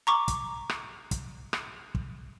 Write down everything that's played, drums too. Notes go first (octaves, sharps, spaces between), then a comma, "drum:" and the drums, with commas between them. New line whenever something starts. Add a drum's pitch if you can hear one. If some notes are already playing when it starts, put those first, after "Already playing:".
A#5 C#6 D6
drum: kick, hi-hat
drum: rim click
drum: kick, hi-hat
drum: rim click
drum: kick